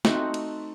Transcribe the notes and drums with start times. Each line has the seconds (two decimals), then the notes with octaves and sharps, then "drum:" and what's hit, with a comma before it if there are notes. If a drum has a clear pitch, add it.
0.05 A3 C4 D#4 F#4, drum: snare
0.34 drum: cymbal